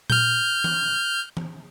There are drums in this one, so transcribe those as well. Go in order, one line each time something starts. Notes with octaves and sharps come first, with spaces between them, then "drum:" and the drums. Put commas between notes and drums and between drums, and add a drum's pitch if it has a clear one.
F6 G6, drum: tom A#2
drum: tom E3
drum: tom E3